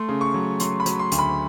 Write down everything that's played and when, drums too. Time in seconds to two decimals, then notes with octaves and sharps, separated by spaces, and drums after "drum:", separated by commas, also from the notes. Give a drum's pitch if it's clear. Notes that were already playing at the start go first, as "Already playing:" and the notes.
Already playing: A3 C6
0.09 C#3
0.21 C#6
0.34 F#3
0.60 F#3 C6, drum: hi-hat
0.80 B5
0.86 F#3, drum: hi-hat
0.99 C6
1.12 D2, drum: hi-hat
1.19 B5